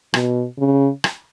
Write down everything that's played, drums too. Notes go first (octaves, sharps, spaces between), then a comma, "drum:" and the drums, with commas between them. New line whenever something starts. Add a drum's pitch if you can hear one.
B2, drum: rim click
C#3
drum: rim click